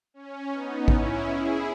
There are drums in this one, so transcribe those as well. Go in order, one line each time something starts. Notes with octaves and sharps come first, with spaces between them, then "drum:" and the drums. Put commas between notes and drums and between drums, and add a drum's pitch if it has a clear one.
C#4
B3 D#4
C#4 E4, drum: kick A1
E4 G#4